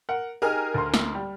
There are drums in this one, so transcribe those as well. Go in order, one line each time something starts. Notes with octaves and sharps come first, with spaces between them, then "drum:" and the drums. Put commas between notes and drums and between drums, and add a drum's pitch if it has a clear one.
A#4 F#5
D#4 G4 G#4 A#4 G#5 F6
D2 C6
drum: snare
G3